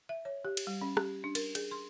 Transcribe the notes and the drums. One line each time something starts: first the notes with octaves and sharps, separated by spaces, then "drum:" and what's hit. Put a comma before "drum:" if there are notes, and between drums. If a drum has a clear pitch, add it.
E5
C#5
G4
drum: cymbal
G3
C#4
G4, drum: rim click
D4
A#4, drum: cymbal
G#4, drum: cymbal
C6